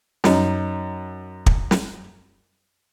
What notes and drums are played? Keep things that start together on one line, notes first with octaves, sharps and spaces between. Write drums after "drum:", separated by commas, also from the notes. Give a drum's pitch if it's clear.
F#2 D#4, drum: snare
drum: kick
drum: snare